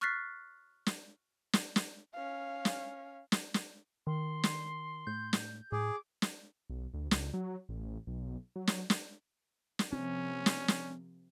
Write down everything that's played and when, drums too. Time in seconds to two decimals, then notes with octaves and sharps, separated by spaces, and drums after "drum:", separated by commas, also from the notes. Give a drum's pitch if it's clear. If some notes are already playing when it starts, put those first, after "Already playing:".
0.01 C#6 F6 F#6 A6 B6 C7
0.86 drum: snare
1.53 drum: snare
1.76 drum: snare
2.14 C#4 F5
2.65 drum: snare
3.32 drum: snare
3.54 drum: snare
4.07 D#3 C6
4.43 drum: snare
5.07 A2 G6
5.33 drum: snare
5.72 A2 G#4 D6
6.22 drum: snare
6.69 B1
6.94 D2
7.11 C#2, drum: snare
7.34 F#3
7.69 A1
8.07 B1
8.56 F#3
8.67 drum: snare
8.90 drum: snare
9.79 drum: snare
9.92 C3 F3 A#3 C4 C#4
10.46 drum: snare
10.68 drum: snare